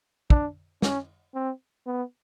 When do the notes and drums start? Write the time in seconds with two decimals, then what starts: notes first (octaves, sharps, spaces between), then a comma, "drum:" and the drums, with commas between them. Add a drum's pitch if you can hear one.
0.30 D4, drum: kick
0.82 C#4, drum: snare
1.34 C4
1.87 B3